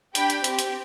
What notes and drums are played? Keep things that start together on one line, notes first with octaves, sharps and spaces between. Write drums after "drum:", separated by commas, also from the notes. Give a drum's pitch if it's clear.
D4 G4 G5 B5, drum: hi-hat
drum: hi-hat
C4 G4, drum: hi-hat
drum: hi-hat